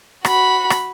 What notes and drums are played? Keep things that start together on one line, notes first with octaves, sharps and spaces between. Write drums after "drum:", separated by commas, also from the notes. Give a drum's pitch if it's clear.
F#4 B5, drum: rim click
drum: rim click